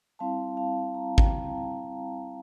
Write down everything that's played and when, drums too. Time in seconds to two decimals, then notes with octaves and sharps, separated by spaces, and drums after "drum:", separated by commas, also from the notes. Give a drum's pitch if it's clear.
0.19 G3 C4 E4 F5 A5
0.57 F5 A5
0.95 A#5
1.18 G5 A#5, drum: kick G#1